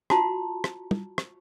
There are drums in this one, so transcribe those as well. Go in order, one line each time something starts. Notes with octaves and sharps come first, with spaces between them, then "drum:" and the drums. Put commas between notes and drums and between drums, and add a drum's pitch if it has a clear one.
F4 F#4 A5 A#5 C6, drum: rim click
drum: rim click
drum: tom
drum: rim click